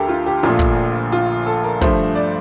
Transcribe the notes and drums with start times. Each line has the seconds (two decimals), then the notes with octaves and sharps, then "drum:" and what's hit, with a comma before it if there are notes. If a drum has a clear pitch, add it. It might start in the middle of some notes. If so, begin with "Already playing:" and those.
Already playing: D2 G4 A4 A#4
0.09 F4
0.26 G4
0.43 A#1 A#2 F3 A3 F4
0.59 drum: kick
1.12 F4
1.46 A4
1.64 A#4
1.81 G2 F3 A3 C5, drum: kick
2.15 D5